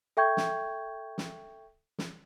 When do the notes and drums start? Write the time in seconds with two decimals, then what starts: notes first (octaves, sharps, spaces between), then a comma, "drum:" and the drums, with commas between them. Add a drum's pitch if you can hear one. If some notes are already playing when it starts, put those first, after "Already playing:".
0.17 A4 E5 G5 C#6 G6 G#6
0.37 drum: snare
1.18 drum: snare
1.98 drum: snare